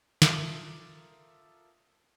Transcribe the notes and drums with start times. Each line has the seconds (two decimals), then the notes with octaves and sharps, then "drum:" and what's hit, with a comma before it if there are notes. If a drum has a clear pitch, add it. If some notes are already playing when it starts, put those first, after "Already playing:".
0.22 F4 A4 A#4 E5 D6 D#6, drum: snare